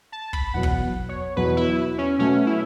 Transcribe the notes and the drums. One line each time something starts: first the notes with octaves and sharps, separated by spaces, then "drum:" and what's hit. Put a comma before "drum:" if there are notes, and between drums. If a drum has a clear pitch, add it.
A5
B5, drum: kick
E2 B2 F#3 F#5
drum: kick
C#5
E2 B2 F#3 B4
E4
C#4
B2 F#3 A3 C#4
E4